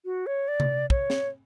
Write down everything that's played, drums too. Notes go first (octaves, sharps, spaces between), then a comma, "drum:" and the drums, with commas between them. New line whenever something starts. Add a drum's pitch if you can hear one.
F#4
C#5
D5
drum: tom C3
C#5, drum: kick
drum: snare